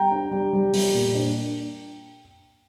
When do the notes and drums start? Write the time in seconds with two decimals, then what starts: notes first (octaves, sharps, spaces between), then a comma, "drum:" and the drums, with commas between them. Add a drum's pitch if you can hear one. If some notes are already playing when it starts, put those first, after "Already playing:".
Already playing: G3 G5 A#5
0.11 D4
0.31 G3
0.53 G3
0.73 G3, drum: open hi-hat
0.94 A#2
1.15 D4